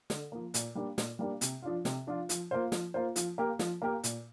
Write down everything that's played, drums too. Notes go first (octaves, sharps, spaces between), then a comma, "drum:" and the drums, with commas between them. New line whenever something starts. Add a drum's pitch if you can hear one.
D3, drum: snare
F3 A#3
A#2, drum: hi-hat
G3 A#3 D4 G4
A#2, drum: snare
G3 A#3 D4 G4
C3, drum: hi-hat
F3 D4 F4
C3, drum: snare
F3 D4 F4
F3, drum: hi-hat
A#3 F4 C5
F3, drum: snare
A#3 F4 C5
F3, drum: hi-hat
A#3 G4 A#4
F3, drum: snare
A#3 G4 A#4
A#2, drum: hi-hat